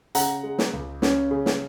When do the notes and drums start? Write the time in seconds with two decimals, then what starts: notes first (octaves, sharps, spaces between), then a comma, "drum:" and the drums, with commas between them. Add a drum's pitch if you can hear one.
0.15 C#3 F#5 A#5, drum: hi-hat
0.43 G#3
0.58 drum: snare
0.73 C#2
1.02 C#4, drum: snare
1.31 C#3
1.46 drum: snare